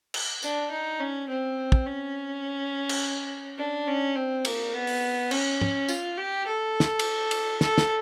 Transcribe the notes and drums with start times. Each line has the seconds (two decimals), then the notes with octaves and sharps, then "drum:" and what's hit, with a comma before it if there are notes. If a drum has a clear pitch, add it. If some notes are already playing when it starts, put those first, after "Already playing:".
0.14 drum: cymbal
0.42 D4, drum: tambourine
0.71 D#4
1.00 C#4
1.29 C4
1.72 drum: kick
1.86 C#4
2.89 drum: cymbal
3.58 D4
3.87 C#4
4.16 C4
4.45 A#3, drum: cymbal
4.73 B3
4.87 drum: open hi-hat
5.31 C#4, drum: cymbal
5.61 drum: tom
5.89 F4, drum: tambourine
6.17 G4
6.46 A4
6.80 drum: snare
6.99 drum: cymbal
7.31 drum: cymbal
7.61 A4, drum: snare
7.78 drum: snare